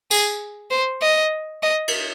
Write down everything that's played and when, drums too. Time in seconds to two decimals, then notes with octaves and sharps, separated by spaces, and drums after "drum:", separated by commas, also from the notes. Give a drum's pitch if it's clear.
0.11 G#4, drum: tambourine
0.71 C5
1.02 D#5
1.63 D#5
1.88 drum: cymbal